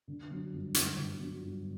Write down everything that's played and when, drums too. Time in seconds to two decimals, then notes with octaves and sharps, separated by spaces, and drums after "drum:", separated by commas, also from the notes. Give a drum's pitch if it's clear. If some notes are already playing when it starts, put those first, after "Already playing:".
0.08 D3
0.31 F#3
0.53 G1
0.74 G1, drum: hi-hat
0.97 D3
1.19 F#3
1.42 G1